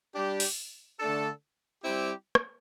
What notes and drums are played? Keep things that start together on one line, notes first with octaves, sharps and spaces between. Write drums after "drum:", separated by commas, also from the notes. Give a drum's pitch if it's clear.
G3 D4 G4
drum: open hi-hat
D3 A3 D4 A4
G3 C4 E4 G4
drum: rim click